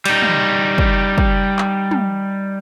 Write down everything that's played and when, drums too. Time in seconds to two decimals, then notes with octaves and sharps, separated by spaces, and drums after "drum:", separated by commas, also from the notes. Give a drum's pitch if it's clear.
0.06 G3 D#4, drum: cymbal
0.22 drum: tom
0.78 drum: kick
1.18 drum: kick
1.59 drum: clap
1.91 drum: tom